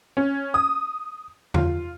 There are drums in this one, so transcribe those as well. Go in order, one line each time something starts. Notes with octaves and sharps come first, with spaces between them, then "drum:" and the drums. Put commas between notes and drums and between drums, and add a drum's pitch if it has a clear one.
C#4
D#6
F4, drum: tom E2